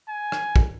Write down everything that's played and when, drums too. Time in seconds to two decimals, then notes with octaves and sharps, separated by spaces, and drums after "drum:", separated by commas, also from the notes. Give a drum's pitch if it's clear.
0.09 G#5
0.32 drum: rim click
0.56 drum: kick